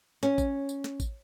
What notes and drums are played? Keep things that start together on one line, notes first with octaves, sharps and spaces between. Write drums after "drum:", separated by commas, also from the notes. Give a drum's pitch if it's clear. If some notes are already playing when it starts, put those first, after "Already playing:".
C#4, drum: snare
drum: kick A1, tambourine
drum: tambourine
drum: snare
drum: kick A1, tambourine